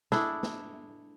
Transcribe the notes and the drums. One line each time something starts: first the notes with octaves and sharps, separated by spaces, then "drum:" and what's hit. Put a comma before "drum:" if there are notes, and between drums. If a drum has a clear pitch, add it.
D4 E4 G#4 A4, drum: snare
drum: snare